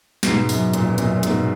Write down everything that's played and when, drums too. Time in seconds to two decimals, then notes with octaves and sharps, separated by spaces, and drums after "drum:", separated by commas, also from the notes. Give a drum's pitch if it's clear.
0.23 G#2 B2, drum: snare
0.49 F#2, drum: open hi-hat
0.73 F#2 A#2, drum: hi-hat
0.90 B2
0.98 F#2 A#2, drum: hi-hat
1.15 A#2
1.23 G#2 B2, drum: hi-hat